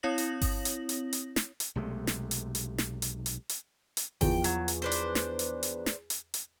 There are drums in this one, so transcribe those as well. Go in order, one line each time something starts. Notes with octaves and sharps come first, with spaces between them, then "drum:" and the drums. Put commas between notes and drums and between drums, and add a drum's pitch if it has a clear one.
C4 E4 C#5 D#6 A#6 F#7
drum: hi-hat
drum: kick G1, open hi-hat
drum: hi-hat
drum: hi-hat
drum: hi-hat
drum: snare
drum: hi-hat
B1 C3 G#3 A3
drum: snare
drum: hi-hat
drum: hi-hat
drum: snare
drum: hi-hat
drum: hi-hat
drum: hi-hat
drum: hi-hat
E2 F3 G5, drum: kick G1, open hi-hat
F#3, drum: hi-hat
drum: hi-hat
D4 B4 C5
drum: hi-hat
drum: snare
drum: hi-hat
drum: hi-hat
drum: snare
drum: hi-hat
drum: hi-hat